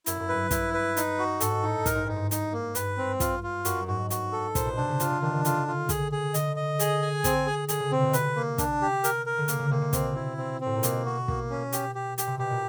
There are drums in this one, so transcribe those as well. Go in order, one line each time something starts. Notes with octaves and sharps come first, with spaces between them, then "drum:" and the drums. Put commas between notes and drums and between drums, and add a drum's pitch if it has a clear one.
F#2 E4, drum: hi-hat
F#2
G2 B4
E4, drum: kick, hi-hat
B4
D#4, drum: hi-hat
F#4
G#2 A4, drum: hi-hat
A2 D#4
A2 A#4, drum: kick, hi-hat
G#2
G2 D#4
G#2
D#4, drum: hi-hat
A#3
G2 B4, drum: hi-hat
C4
F4, drum: kick, hi-hat
F4
F#2 F#4, drum: hi-hat
G#2 F#4
F#4, drum: hi-hat
A4
A#2 C5, drum: kick, hi-hat
B2
C3 D4
C#3
C#3 F4, drum: hi-hat
C3
D#3 D4
D#3
D3 F4, drum: hi-hat
F4
G#4, drum: kick, hi-hat
G#4
D3 D#5, drum: hi-hat
D#5
G#4, drum: hi-hat
G#5
C4, drum: kick, hi-hat
G#4
D3 G#4, drum: hi-hat
C#3
C3 C4
B2
C3 B4, drum: hi-hat
A#3
D4, drum: kick, hi-hat
G4
A#4, drum: hi-hat
A#4
D3
C#3 A#3, drum: hi-hat
C#3
C3 A#3
C3
B2 C4, drum: kick, hi-hat
E4
C4
C4
A2
A#2
B2 A#3, drum: hi-hat
F#4
A#3, drum: kick
C#4
G4, drum: hi-hat
G4
G4, drum: hi-hat
C3
B2 G4
A#2